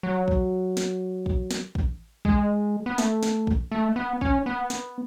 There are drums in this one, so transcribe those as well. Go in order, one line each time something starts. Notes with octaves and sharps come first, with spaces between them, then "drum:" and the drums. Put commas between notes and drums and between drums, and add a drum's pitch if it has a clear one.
F#3
drum: kick
drum: snare
drum: kick
drum: snare
drum: kick
G#3, drum: kick
B3
A3, drum: snare
drum: snare
drum: kick
A3
B3
C#4, drum: kick
B3
drum: snare